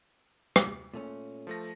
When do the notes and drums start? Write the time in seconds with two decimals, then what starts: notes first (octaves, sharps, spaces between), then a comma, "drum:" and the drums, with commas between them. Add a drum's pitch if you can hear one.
0.56 drum: rim click
0.94 A#2 A3 C#4
1.47 F3 A3 A#6